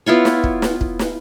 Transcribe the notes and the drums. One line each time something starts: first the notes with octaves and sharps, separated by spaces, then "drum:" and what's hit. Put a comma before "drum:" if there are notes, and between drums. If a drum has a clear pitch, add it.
B3 E4 F4 C#5
drum: snare
drum: kick
drum: snare
drum: kick
drum: snare